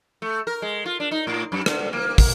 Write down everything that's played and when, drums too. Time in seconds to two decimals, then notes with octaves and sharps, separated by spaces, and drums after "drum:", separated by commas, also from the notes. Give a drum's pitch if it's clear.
0.22 A3
0.47 A#4
0.62 G#3
0.86 F4
1.00 D4
1.11 D#4
1.27 A2
1.52 F#2
1.66 D3, drum: rim click
1.93 A#3
2.18 drum: kick, open hi-hat